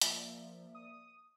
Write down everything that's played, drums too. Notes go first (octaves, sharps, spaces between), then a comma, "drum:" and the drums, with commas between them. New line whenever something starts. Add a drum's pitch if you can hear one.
F3 A#3 D5 E5, drum: hi-hat
D#6